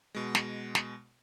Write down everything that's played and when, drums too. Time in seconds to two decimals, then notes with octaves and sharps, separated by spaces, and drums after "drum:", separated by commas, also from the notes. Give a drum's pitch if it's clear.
0.15 B2 G#3
0.35 drum: snare
0.75 drum: snare